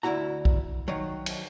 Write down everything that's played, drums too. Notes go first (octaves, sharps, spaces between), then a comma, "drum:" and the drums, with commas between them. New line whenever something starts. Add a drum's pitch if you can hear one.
D2 G2 E4 F#4 A#5
drum: kick B1
D#3 F#3
drum: cymbal